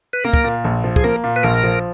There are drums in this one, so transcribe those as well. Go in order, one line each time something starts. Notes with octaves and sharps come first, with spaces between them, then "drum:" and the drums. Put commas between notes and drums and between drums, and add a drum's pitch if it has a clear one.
B4
A#3 A#4
drum: kick
A#2
A#1
F3
G#4, drum: kick
A#3 A#4
A#2
B4
A#1 A#4
drum: tambourine
F3